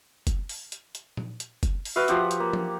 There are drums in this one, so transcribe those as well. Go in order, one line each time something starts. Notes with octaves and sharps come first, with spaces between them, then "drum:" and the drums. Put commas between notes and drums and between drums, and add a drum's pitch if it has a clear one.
drum: kick F#1, hi-hat
drum: open hi-hat
drum: hi-hat
drum: hi-hat
drum: tom A#2
drum: hi-hat
drum: kick F#1, hi-hat
drum: open hi-hat
F#4 B4 E5 F5
F3 G4 F#5, drum: hi-hat
drum: hi-hat
A#3
drum: tom F3